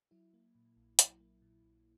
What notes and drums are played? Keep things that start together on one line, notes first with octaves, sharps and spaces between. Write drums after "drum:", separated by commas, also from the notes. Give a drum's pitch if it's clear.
F#3 E4
A#3
A#2
A#1
F#3 E4, drum: hi-hat
A#3
A#2
A#1